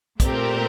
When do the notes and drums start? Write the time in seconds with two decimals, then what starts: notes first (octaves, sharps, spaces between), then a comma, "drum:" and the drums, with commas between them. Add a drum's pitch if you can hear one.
0.20 A#2 A3 C4 G4 A#4, drum: kick, hi-hat